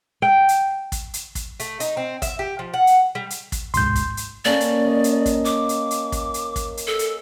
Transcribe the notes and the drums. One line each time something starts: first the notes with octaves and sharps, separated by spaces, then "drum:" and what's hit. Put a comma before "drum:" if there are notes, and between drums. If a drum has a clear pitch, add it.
G5
drum: hi-hat
drum: kick, hi-hat
drum: hi-hat
drum: kick, hi-hat
A3, drum: hi-hat
D#4, drum: hi-hat
C4
E5, drum: kick, hi-hat
G4
F3
F#5
drum: hi-hat
G3
drum: hi-hat
drum: kick, hi-hat
D1 C2 G#2 C6 G6, drum: hi-hat
drum: kick, hi-hat
drum: hi-hat
A#3 C#4 D5 A5
drum: hi-hat
D#5
drum: hi-hat
drum: kick, hi-hat
D6, drum: hi-hat
drum: hi-hat
drum: hi-hat
drum: kick, hi-hat
drum: hi-hat
drum: kick, hi-hat
drum: hi-hat
A4
drum: hi-hat